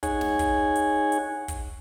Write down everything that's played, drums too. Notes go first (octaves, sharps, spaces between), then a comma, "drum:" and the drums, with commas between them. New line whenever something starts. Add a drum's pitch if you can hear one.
D#4 G#4 C#5 F#5 G#5, drum: kick, hi-hat
drum: snare
drum: kick, hi-hat
drum: hi-hat
drum: hi-hat
drum: kick, hi-hat